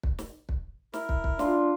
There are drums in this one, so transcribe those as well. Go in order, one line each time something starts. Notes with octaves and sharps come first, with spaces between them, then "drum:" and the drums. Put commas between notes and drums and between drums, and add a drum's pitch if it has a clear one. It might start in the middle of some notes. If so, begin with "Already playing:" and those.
drum: kick
drum: snare
drum: kick
E4 A#4, drum: snare
drum: kick
drum: kick
D4 F4, drum: snare